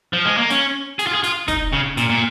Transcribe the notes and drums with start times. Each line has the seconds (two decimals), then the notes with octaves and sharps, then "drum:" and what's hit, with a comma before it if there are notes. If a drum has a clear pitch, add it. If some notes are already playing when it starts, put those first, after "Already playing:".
0.13 F3
0.25 G#3
0.38 A#3
0.50 C#4, drum: hi-hat
0.99 G#4, drum: hi-hat
1.07 F4
1.15 G#4
1.24 F4, drum: hi-hat
1.48 D#4, drum: kick, hi-hat
1.73 C#3
1.97 A#2, drum: hi-hat
2.09 A#2